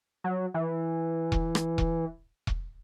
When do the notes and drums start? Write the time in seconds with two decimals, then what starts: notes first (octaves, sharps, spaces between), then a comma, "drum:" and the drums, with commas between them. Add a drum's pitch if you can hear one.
0.24 F#3
0.54 E3
1.32 drum: kick E1
1.55 drum: rim click
1.78 drum: kick E1
2.47 drum: kick E1